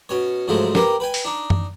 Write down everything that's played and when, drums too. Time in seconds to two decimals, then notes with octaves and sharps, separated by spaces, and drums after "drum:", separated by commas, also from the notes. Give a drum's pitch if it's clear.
0.09 B2 C#4 C#5
0.48 G#2 C#3 F3 F#3 G#3 A3
0.75 A#3 G4 A#4 B4, drum: snare
1.00 B4 G5 G#5
1.14 drum: open hi-hat
1.25 D4 D#4
1.50 drum: tom F#2